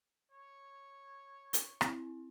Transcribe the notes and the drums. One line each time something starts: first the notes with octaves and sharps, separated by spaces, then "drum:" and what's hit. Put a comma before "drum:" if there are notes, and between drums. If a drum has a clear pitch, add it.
C#5
drum: hi-hat
C4 E4, drum: rim click